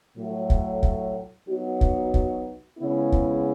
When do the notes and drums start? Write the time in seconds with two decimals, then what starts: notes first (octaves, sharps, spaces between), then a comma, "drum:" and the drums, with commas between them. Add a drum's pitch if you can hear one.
0.17 A2 F#3 A3
0.50 drum: kick
0.83 drum: kick
1.48 F#3 B3 D#4 F#4
1.81 drum: kick
2.14 drum: kick
2.79 C#3 G#3 B3 E4
3.12 drum: kick